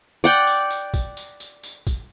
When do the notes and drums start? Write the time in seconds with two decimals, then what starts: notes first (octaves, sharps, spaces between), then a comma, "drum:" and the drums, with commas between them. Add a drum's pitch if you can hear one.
0.24 D5 F#5 G5
0.47 drum: tambourine
0.70 drum: tambourine
0.94 drum: kick, tambourine
1.17 drum: tambourine
1.40 drum: tambourine
1.63 drum: tambourine
1.87 drum: kick, tambourine